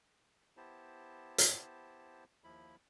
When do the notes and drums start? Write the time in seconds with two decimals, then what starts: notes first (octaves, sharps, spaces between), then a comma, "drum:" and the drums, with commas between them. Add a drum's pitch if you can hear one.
0.57 B3 E4 G4 C5 A5
1.38 drum: hi-hat
2.44 D#2 F3 E4 B5